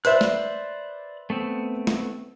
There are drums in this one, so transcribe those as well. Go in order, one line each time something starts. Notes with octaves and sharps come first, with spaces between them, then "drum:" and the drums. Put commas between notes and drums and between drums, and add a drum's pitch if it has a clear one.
B4 C5 D5 E5 F#6, drum: hi-hat
drum: snare
A3 B3 C4
drum: snare